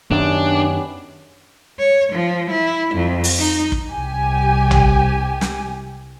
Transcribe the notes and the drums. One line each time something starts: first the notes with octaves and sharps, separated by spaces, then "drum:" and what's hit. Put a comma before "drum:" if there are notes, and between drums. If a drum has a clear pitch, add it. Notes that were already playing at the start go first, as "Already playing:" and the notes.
F#2 D#3 B3 C#4 D4 G4
C#5
F3
E4
F2
drum: open hi-hat
D#4
drum: kick
C2 G4 G#5
drum: tom A1
drum: snare